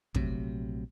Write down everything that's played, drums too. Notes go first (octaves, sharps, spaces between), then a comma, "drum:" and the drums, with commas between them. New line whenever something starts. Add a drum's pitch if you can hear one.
A#1 C3 F#3 A3, drum: kick